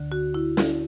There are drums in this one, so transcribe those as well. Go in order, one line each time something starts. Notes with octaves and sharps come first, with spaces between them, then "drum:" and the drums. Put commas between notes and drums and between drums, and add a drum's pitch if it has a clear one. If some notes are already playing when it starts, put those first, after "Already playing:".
Already playing: D2 D3
F#4
E4
E4, drum: snare